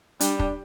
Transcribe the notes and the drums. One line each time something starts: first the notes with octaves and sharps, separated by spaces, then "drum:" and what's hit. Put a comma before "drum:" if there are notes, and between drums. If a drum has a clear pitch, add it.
G3 D4, drum: hi-hat
D4, drum: kick